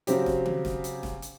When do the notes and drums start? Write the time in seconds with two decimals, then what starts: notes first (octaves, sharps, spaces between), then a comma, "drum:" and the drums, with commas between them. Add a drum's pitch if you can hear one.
0.07 C#3 F#3 C4 G4, drum: hi-hat
0.26 drum: snare
0.46 drum: tom D#3
0.65 drum: snare
0.84 drum: hi-hat
1.03 drum: snare
1.22 drum: hi-hat